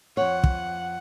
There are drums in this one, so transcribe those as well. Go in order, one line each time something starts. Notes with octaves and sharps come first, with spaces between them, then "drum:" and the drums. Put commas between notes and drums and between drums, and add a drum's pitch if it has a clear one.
F2 C#5 F#5
drum: kick